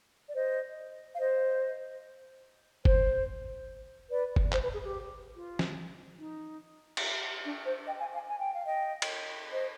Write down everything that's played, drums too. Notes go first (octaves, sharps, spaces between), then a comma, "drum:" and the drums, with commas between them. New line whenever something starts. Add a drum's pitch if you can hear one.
D5
C5 D#5
F5
C5 D#5
C5, drum: kick
B4 D5
drum: kick
C5, drum: clap
B4
G#4
G4
F4
drum: snare
D#4
drum: cymbal
D4
C5
D#5 G5
F5 G#5
F5 G#5
G#5
G5
F5
D#5 G5
drum: cymbal
C5 D#5